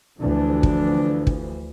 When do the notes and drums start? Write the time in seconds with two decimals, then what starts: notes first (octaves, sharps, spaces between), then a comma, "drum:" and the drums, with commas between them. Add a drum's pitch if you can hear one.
0.21 D2 E3 F3 D4
0.63 drum: kick
1.27 drum: kick